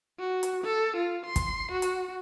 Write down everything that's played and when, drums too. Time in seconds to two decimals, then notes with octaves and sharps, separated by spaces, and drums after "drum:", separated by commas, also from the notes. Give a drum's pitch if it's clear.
0.20 F#4
0.43 drum: hi-hat
0.65 A4
0.97 F4
1.26 C6
1.36 drum: kick, hi-hat
1.72 F#4
1.82 drum: hi-hat